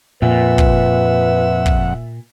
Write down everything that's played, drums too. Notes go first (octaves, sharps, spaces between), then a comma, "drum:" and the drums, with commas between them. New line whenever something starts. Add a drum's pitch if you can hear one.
F2 A#2 B4 E5 F#5
drum: kick
drum: kick